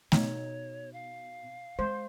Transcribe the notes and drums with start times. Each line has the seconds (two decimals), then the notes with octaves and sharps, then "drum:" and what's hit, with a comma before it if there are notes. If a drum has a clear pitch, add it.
0.12 B2 D#4 C#5, drum: snare A3
0.93 F5
1.79 G#3 C5